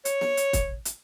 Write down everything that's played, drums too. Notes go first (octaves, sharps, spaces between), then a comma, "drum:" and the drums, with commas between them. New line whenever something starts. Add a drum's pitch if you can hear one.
C#5, drum: hi-hat
drum: snare
drum: hi-hat
drum: kick, hi-hat
drum: hi-hat